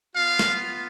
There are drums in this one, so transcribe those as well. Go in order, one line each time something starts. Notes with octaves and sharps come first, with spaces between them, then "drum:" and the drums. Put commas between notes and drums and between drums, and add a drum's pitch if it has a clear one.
B3 F4 F5
drum: snare